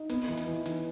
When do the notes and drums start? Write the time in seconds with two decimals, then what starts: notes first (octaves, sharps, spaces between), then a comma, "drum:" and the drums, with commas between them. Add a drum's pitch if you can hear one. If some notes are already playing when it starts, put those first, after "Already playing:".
Already playing: D#4
0.10 B3, drum: hi-hat
0.28 E3
0.37 drum: hi-hat
0.47 E3
0.66 D#4, drum: hi-hat